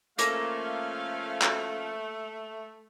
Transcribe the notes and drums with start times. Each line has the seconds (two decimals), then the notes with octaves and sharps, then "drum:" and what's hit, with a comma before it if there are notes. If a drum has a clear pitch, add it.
0.18 F3 A3 A#3 C#4 A4 F5, drum: hi-hat
1.42 drum: clap